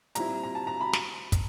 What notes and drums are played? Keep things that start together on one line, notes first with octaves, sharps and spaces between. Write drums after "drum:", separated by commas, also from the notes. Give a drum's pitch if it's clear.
A#2 G3 C4 E4 A#5, drum: hi-hat
A#5
A5
A#5
B5
drum: snare
drum: kick, hi-hat